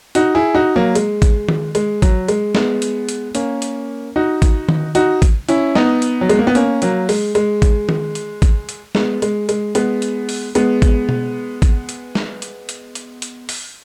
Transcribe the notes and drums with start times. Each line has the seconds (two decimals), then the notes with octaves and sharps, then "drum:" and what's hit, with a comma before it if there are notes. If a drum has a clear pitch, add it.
0.15 D#4 F#4, drum: hi-hat
0.35 E4 G#4
0.55 D#4 F#4
0.76 F#3 A#3
0.95 G#3, drum: hi-hat
1.22 drum: kick, hi-hat
1.49 drum: tom D#3
1.75 G#3, drum: hi-hat
2.02 F#3, drum: kick, hi-hat
2.28 G#3, drum: hi-hat
2.55 G#3 B3, drum: snare
2.82 drum: hi-hat
3.09 drum: hi-hat
3.35 A#3 C#4, drum: hi-hat
3.62 drum: hi-hat
4.16 D#4 F#4
4.42 drum: kick, hi-hat
4.69 drum: tom D#3
4.95 D#4 F#4, drum: hi-hat
5.22 drum: kick, hi-hat
5.49 C#4 E4, drum: hi-hat
5.75 B3 D#4, drum: snare
6.02 drum: hi-hat
6.21 F#3
6.29 G#3, drum: hi-hat
6.39 A#3
6.47 B3
6.55 A#3 C#4, drum: hi-hat
6.82 F#3 A#3, drum: hi-hat
7.09 G#3, drum: open hi-hat
7.35 G#3, drum: hi-hat
7.62 drum: kick, hi-hat
7.89 drum: tom D#3
8.15 drum: hi-hat
8.42 drum: kick, hi-hat
8.69 drum: hi-hat
8.95 G#3 B3, drum: snare
9.22 G#3, drum: hi-hat
9.49 G#3, drum: hi-hat
9.75 G#3 B3, drum: hi-hat
10.02 drum: hi-hat
10.29 drum: open hi-hat
10.55 G#3 B3, drum: hi-hat
10.82 drum: kick, hi-hat
11.09 drum: tom B2
11.62 drum: kick, hi-hat
11.89 drum: hi-hat
12.15 drum: snare
12.42 drum: hi-hat
12.69 drum: hi-hat
12.95 drum: hi-hat
13.22 drum: hi-hat
13.49 drum: open hi-hat